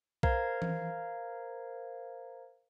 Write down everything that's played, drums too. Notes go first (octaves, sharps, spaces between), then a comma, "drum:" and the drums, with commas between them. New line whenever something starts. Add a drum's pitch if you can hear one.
A#4 C5 F5 A#5 G#6, drum: kick B1
drum: tom E3